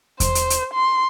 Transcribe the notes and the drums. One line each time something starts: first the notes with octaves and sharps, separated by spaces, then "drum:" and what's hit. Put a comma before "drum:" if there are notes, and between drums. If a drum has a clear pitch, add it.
C5, drum: kick E2, hi-hat
drum: hi-hat
drum: hi-hat
C6